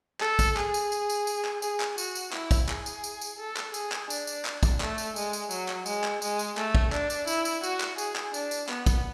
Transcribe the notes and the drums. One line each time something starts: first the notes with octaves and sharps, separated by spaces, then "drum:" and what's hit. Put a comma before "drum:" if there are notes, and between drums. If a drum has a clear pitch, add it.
A4, drum: clap
drum: kick, tambourine
G#4, drum: clap
drum: tambourine
drum: tambourine
drum: tambourine
drum: tambourine
drum: clap
G#4, drum: tambourine
drum: clap
F#4, drum: tambourine
drum: tambourine
E4, drum: clap
drum: kick, tambourine
G#4, drum: clap
drum: tambourine
drum: tambourine
drum: tambourine
A4
drum: clap
G#4, drum: tambourine
drum: clap
D4, drum: tambourine
drum: tambourine
drum: clap
drum: kick, tambourine
A3, drum: clap
drum: tambourine
G#3, drum: tambourine
drum: tambourine
F#3, drum: tambourine
drum: clap
G#3, drum: tambourine
drum: clap
G#3, drum: tambourine
drum: tambourine
A3, drum: clap
drum: kick
D4, drum: clap
drum: tambourine
E4, drum: tambourine
drum: tambourine
F#4, drum: tambourine
drum: clap
G#4, drum: tambourine
drum: clap
D4, drum: tambourine
drum: tambourine
B3, drum: clap
drum: kick, tambourine